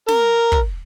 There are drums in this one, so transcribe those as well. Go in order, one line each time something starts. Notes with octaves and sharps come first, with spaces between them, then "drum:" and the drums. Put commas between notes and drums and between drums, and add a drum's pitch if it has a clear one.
A#4, drum: snare
drum: kick